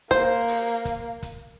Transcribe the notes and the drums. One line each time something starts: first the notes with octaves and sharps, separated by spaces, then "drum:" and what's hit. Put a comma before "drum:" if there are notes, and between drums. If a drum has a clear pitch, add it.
A#3 C5, drum: kick, hi-hat
drum: open hi-hat
drum: kick, hi-hat
drum: kick, hi-hat